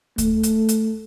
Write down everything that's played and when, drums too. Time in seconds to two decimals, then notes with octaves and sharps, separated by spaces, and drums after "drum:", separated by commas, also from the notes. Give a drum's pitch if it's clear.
0.18 A3, drum: kick D2, hi-hat
0.43 drum: hi-hat
0.69 drum: hi-hat